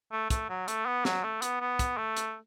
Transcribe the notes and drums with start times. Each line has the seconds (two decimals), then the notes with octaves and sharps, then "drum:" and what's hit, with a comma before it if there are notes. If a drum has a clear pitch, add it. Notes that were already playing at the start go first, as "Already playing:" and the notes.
0.12 A3
0.30 A3, drum: kick, hi-hat
0.49 F#3
0.68 A3, drum: hi-hat
0.86 B3
1.05 F#3, drum: snare
1.24 A3
1.42 B3, drum: hi-hat
1.61 B3
1.79 drum: kick, hi-hat
1.98 A3
2.17 drum: hi-hat